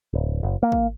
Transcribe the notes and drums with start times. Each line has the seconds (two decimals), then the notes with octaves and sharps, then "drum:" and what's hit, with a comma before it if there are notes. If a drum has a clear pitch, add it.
0.13 D1
0.43 F#1
0.63 A#3
0.72 drum: kick